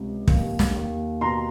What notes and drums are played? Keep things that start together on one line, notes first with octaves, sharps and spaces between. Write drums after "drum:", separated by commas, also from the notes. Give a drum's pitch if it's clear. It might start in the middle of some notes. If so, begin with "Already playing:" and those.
Already playing: C#2 C3
D#2, drum: kick
drum: snare
D#2
B2 A#5 C6